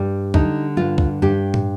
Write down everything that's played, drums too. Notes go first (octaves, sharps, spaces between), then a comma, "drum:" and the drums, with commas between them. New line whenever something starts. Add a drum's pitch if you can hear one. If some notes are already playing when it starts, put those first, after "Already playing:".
Already playing: G2 G3
D3 D#4, drum: kick C2
G2 F4
drum: kick C2
G2 G4
drum: tom